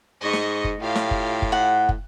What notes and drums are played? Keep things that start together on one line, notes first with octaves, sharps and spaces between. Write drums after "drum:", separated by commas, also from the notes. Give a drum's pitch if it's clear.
G#2 D#5 C#6
drum: snare
drum: kick
A2 F4 G4 F5
drum: snare
drum: kick
drum: kick
F#5
drum: kick